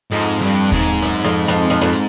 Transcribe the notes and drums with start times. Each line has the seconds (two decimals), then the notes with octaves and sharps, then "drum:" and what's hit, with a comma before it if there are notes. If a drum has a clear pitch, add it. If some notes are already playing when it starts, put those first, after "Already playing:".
0.12 F2 G#2
0.41 G2, drum: hi-hat
0.72 G#2, drum: kick D#2, hi-hat
1.02 F#2, drum: hi-hat
1.24 F2
1.48 F2
1.70 F2
1.81 F2
1.93 drum: hi-hat